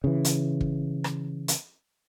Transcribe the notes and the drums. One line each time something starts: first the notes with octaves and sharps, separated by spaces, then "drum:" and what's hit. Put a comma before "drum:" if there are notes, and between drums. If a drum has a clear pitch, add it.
C#3 E3
drum: hi-hat
drum: kick
drum: rim click
drum: hi-hat